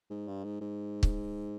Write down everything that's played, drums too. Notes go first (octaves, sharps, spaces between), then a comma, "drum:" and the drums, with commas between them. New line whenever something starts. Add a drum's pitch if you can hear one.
G#2
G2
G#2
G#2
drum: kick